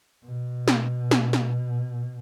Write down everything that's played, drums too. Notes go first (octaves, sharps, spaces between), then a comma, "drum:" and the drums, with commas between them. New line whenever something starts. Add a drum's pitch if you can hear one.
B2
drum: snare
drum: snare
drum: snare